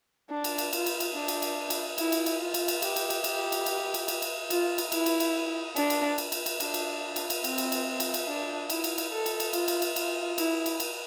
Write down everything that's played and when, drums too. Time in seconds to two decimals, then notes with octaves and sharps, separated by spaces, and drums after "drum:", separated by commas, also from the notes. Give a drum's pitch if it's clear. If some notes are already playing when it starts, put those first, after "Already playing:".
0.30 D4
0.44 drum: cymbal
0.58 drum: cymbal
0.73 F4, drum: cymbal
0.86 drum: cymbal
1.00 drum: cymbal
1.14 D4
1.28 drum: cymbal
1.42 drum: cymbal
1.70 drum: cymbal
1.98 E4, drum: cymbal
2.12 drum: cymbal
2.26 drum: cymbal
2.40 F4
2.54 drum: cymbal
2.68 drum: cymbal
2.82 G4, drum: cymbal
2.96 drum: cymbal
3.10 drum: cymbal
3.24 G4, drum: cymbal
3.52 drum: cymbal
3.66 drum: cymbal
3.94 drum: cymbal
4.08 drum: cymbal
4.22 drum: cymbal
4.50 F4, drum: cymbal
4.78 drum: cymbal
4.92 E4, drum: cymbal
5.06 drum: cymbal
5.20 drum: cymbal
5.76 D4, drum: cymbal
5.90 drum: cymbal
6.18 drum: cymbal
6.32 drum: cymbal
6.46 drum: cymbal
6.60 D4, drum: cymbal
6.74 drum: cymbal
7.16 drum: cymbal
7.30 drum: cymbal
7.44 C4, drum: cymbal
7.58 drum: cymbal
7.72 drum: cymbal
8.00 drum: cymbal
8.14 drum: cymbal
8.28 D4
8.70 E4, drum: cymbal
8.84 drum: cymbal
8.98 drum: cymbal
9.12 A4
9.26 drum: cymbal
9.40 drum: cymbal
9.53 F4, drum: cymbal
9.68 drum: cymbal
9.82 drum: cymbal
9.96 F4, drum: cymbal
10.38 E4, drum: cymbal
10.66 drum: cymbal
10.80 drum: cymbal